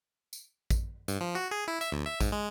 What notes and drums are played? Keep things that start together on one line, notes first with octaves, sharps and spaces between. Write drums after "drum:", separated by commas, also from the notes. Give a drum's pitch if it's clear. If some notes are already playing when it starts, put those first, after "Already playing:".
drum: tambourine
drum: kick A1, tambourine
G2, drum: tambourine
F3
F#4
G#4
E4
E5, drum: tambourine
D2
E5
G#2, drum: kick A1, tambourine
G#3